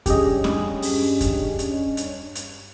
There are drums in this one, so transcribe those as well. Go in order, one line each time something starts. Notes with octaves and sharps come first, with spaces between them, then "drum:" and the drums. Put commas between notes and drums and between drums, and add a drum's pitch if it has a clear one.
G2 C#4 D4 G4 G#4 D#5, drum: kick E2, hi-hat
drum: snare C#4
drum: open hi-hat
drum: kick E2, hi-hat
drum: hi-hat
drum: hi-hat
drum: hi-hat